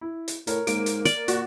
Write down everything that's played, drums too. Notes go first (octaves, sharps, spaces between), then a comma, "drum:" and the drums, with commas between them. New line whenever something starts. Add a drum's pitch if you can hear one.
E4
drum: hi-hat
A2 A#4 C#5, drum: hi-hat
G#2 A#3 D7, drum: hi-hat
drum: hi-hat
D5, drum: hi-hat
A#2 F#4, drum: hi-hat